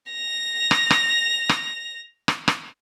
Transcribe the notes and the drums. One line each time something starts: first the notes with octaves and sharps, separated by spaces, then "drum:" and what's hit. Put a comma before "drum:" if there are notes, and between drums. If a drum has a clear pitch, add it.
A#6 F7
drum: rim click
drum: rim click
drum: rim click
drum: rim click
drum: rim click